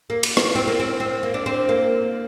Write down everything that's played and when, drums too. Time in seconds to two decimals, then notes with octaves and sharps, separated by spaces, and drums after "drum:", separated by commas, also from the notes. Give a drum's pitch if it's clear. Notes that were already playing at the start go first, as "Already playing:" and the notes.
0.10 A#3
0.23 drum: cymbal
0.37 drum: rim click
0.55 C4
0.67 A#3
0.79 C4
1.00 C4
1.23 A#3
1.34 D4
1.46 C4
1.69 A#3